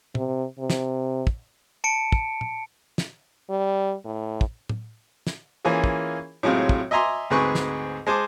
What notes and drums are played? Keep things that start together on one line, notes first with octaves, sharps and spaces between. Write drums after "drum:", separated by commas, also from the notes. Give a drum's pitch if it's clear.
C3, drum: tom
C3
drum: snare
drum: kick
A5 C#7 D7
drum: kick
drum: tom
drum: snare
G3
A2
drum: kick
drum: tom
drum: snare
E3 A#3 C#4 F4 G#4
drum: kick
A2 C3 F#3 G#3 C4 F4
drum: kick
D#5 E5 G#5 A#5 C6 D6
D2 G#2 C4 G#4 B4 C#6
drum: snare
G#3 C5 G#5 A5 D6